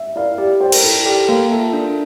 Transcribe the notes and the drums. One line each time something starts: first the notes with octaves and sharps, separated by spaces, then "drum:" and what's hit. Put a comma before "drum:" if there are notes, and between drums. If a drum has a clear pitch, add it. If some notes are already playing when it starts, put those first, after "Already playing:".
Already playing: E5
E4 A#4 D5 F5
G4 D5
C5 D5 G5
A#4, drum: cymbal
E4 A4
G4 A#4 D5 G5
A#3 A#4
F4 A4 E5 A5
D4